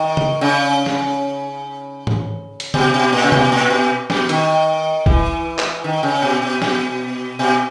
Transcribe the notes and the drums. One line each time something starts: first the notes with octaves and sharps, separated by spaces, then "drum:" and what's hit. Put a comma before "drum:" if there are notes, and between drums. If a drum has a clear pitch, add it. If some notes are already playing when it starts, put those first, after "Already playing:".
Already playing: D#3
drum: tom C#3
C#3
drum: snare
drum: tom
drum: hi-hat
B2, drum: tom C#3
B2
A#2
C#3
B2, drum: tom C3
A#2
B2
B2, drum: snare
D#3, drum: hi-hat
E3, drum: kick
drum: clap
D#3
C#3
B2
B2
B2, drum: snare
B2